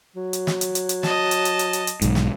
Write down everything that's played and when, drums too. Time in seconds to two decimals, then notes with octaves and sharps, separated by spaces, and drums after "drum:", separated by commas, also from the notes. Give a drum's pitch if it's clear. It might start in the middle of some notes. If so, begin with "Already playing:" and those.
0.16 F#3
0.33 drum: hi-hat
0.47 drum: snare
0.61 drum: hi-hat
0.75 drum: hi-hat
0.89 drum: hi-hat
1.03 D#5 A5, drum: snare
1.31 drum: hi-hat
1.45 drum: hi-hat
1.59 drum: hi-hat
1.73 drum: hi-hat
1.87 drum: hi-hat
2.02 B1 G#2, drum: hi-hat
2.15 drum: snare